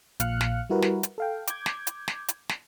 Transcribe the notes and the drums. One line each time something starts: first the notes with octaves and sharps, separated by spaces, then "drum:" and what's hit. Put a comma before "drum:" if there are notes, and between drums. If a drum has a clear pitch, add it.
A#1 A#2 F5 F6 F#6 C#7, drum: hi-hat
drum: snare
G3 E4 F#4 A#4 B4
drum: snare
drum: hi-hat
A4 F5 G5
D6 G6 G#6, drum: hi-hat
drum: snare
drum: hi-hat
drum: snare
drum: hi-hat
drum: snare